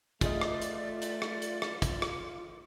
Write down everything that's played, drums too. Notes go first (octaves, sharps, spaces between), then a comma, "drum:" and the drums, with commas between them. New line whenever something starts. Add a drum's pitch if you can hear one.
A3 F4 G#4 D5 D#5, drum: kick, hi-hat
drum: rim click
drum: hi-hat
drum: hi-hat
drum: rim click
drum: hi-hat
drum: rim click
drum: kick, hi-hat
drum: rim click